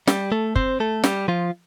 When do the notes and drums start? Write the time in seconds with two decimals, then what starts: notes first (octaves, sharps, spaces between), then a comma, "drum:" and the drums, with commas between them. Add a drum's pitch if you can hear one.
0.07 G3 G4, drum: snare
0.32 A3 A4
0.56 C4 C5, drum: kick
0.80 A3 A4
1.04 G3 G4, drum: snare
1.28 F3 F4